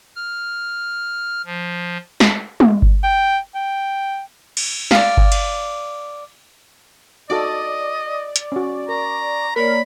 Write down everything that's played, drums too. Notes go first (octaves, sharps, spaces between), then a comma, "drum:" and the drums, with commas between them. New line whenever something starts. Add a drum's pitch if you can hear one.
F6
F3
drum: snare
drum: tom
drum: kick G1
G5
G5
drum: cymbal
D5 F5, drum: snare
drum: kick G1
drum: cymbal
D#4 F#4 A4 D5 D#5
drum: hi-hat
C#4 F#4
A#4 A#5 C#6
A#3 A#4 C#5 D5 B5